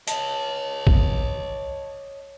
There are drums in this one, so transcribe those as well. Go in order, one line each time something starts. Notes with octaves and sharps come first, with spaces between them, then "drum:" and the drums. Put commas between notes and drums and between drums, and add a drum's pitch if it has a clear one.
C#5 D#5 A5, drum: hi-hat
drum: kick A#1